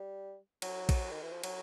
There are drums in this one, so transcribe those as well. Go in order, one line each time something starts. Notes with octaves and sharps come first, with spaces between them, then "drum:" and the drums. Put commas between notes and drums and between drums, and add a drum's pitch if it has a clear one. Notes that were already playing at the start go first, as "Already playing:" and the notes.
Already playing: G3
F#3, drum: cymbal
drum: kick A#1, cymbal
D#3
E3
F3
F#3, drum: cymbal